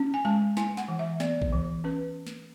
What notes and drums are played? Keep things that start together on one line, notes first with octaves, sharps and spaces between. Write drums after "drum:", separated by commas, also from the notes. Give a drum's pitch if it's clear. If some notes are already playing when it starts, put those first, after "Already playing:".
Already playing: C#4
G#5
G#3 A5
E4 G#5, drum: snare
F#5, drum: snare
E3
E5
B3 D5, drum: snare
drum: kick A#1
E3
C#4 B4
drum: snare